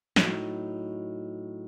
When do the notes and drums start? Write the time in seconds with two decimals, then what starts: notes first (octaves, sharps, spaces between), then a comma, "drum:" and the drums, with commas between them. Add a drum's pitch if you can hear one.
0.16 A2 F#3 D#4, drum: snare